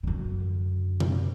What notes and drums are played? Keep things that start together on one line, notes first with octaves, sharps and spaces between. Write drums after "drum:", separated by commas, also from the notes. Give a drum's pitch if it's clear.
F#2 D3
drum: tom B2